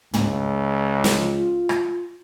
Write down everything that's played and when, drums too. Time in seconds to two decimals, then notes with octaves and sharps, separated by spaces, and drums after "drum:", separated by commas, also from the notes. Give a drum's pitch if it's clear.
0.14 C#2, drum: tom
1.04 drum: snare
1.18 F4
1.69 drum: rim click